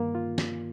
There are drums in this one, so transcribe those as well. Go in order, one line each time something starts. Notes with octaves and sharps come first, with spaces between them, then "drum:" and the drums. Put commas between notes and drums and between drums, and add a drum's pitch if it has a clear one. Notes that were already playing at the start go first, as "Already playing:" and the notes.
Already playing: G2 D#3 A#3
F4
drum: snare